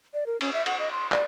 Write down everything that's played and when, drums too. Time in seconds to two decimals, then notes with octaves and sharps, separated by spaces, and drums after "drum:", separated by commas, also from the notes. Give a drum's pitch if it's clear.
0.14 D5
0.26 A#4
0.41 C#4, drum: cymbal
0.53 E5
0.66 F#5, drum: cymbal
0.79 D#5
0.91 C6
1.12 D5, drum: clap